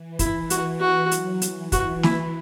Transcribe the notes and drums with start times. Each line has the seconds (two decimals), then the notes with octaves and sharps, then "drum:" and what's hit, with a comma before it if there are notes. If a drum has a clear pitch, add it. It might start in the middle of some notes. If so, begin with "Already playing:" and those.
Already playing: E3
0.19 E4, drum: kick, hi-hat
0.50 F#4, drum: hi-hat
0.80 F#4
1.11 F#3, drum: hi-hat
1.42 E3, drum: hi-hat
1.72 E3 F#4, drum: kick, hi-hat
2.03 E4, drum: snare